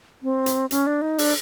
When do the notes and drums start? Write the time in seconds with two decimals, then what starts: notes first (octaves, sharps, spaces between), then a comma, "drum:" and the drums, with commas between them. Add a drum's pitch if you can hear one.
0.23 C4
0.46 drum: hi-hat
0.71 C#4, drum: hi-hat
0.87 D4
1.02 D#4
1.18 D4, drum: open hi-hat